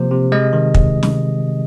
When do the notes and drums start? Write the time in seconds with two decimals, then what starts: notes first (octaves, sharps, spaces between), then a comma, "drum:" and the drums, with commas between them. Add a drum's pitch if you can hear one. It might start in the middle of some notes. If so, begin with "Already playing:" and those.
Already playing: C3 F3 A#3 C5
0.11 C3
0.32 G#3 D#5
0.53 D#3
0.74 drum: kick
1.03 drum: snare